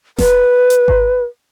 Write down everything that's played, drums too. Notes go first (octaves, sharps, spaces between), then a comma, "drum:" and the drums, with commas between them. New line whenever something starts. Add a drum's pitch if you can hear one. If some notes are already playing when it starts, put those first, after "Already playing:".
B4, drum: snare F1
drum: hi-hat
drum: kick G#1